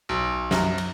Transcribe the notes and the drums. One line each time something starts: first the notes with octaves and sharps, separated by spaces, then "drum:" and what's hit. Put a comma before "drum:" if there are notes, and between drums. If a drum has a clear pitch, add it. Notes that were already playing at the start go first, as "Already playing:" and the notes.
B1
F#2, drum: snare
drum: cymbal